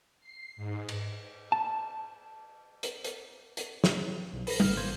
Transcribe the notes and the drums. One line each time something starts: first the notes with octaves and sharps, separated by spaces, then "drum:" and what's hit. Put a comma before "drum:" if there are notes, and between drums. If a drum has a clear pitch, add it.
C7
G#2
drum: cymbal
A5
drum: hi-hat
drum: hi-hat
drum: hi-hat
drum: snare
B1
B5 A#6, drum: open hi-hat
G#1 C#3 F6, drum: tom G3
G#1 A#3 C5 G#6